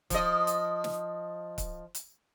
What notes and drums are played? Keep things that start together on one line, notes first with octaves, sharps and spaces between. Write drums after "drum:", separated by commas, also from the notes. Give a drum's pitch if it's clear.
F3 D#5, drum: kick C#1, hi-hat
drum: hi-hat
drum: snare
drum: kick C#1, hi-hat
drum: hi-hat